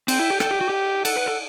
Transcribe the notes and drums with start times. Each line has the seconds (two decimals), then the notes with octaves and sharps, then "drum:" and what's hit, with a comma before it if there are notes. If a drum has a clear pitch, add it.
0.08 C4 G5, drum: cymbal
0.19 E4
0.30 G4
0.40 A4 G5, drum: rim click
0.51 G4
0.61 F#4
0.70 G4 G5
1.05 A4 F#5, drum: cymbal
1.16 B4
1.26 A4